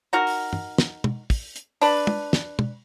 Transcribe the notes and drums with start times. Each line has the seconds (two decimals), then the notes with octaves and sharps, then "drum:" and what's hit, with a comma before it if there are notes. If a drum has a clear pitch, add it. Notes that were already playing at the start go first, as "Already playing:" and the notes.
0.13 D#4 F#4 A#4
0.27 drum: open hi-hat
0.53 drum: tom
0.78 drum: snare
1.04 drum: tom
1.30 drum: kick, open hi-hat
1.56 drum: hi-hat
1.81 D4 B4, drum: open hi-hat
2.07 drum: tom
2.33 drum: snare
2.59 drum: tom